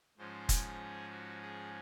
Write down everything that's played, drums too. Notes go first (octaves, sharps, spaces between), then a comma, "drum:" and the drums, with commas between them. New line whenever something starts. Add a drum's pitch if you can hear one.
G#2 F3 G#3 C#4 C5
drum: kick, hi-hat
G#4
F#4
G#4